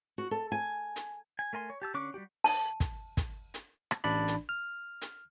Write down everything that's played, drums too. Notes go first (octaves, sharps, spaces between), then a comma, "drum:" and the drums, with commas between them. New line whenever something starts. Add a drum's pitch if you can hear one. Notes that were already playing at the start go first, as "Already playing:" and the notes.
F#4
A4
G#5
drum: hi-hat
G#5
A3 A#4 G#5 C6
C#5
G4 A5 E6
D3 C#4 C#6 D6 F#6
G3 D4 F#4 G4
A5, drum: open hi-hat
drum: kick, hi-hat
drum: kick, hi-hat
drum: hi-hat
drum: rim click
A1 D4 D5 B5
drum: hi-hat
F6
drum: hi-hat